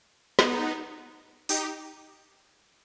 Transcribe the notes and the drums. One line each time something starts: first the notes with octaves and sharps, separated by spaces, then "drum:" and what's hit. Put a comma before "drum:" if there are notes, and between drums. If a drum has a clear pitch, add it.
B3 D#4, drum: snare
D#4 G4, drum: open hi-hat